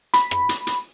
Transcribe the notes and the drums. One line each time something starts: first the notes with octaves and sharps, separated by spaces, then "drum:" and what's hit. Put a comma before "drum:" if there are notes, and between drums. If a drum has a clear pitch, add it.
B5, drum: hi-hat
drum: rim click
drum: hi-hat
drum: hi-hat